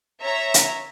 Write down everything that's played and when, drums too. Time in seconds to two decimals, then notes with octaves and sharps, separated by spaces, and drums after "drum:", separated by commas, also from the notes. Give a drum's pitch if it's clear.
0.20 C#5 E5 A#5
0.54 drum: hi-hat